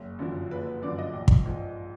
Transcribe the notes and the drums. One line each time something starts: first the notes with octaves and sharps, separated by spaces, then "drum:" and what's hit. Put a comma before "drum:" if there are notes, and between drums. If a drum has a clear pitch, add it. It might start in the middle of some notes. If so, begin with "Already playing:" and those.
Already playing: F#1
F#2 D3 F3
F#1 B4
B4
F#2 D3 F3 D5
D#5
A#1
drum: kick
G#2 F3